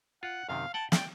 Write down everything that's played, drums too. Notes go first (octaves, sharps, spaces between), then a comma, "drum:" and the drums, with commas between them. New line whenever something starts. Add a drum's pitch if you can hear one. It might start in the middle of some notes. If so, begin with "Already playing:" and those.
F4 F#5
F#2 C3 D#3 F5
F#5 G5 A5
D5 G5, drum: snare